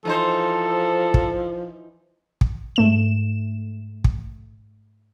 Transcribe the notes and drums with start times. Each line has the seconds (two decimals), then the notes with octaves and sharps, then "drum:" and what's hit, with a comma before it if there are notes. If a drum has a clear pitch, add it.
0.05 E3 F3 D#4 A4 C5
1.14 drum: kick
2.41 drum: kick
2.76 G#2 A3 E7
4.04 drum: kick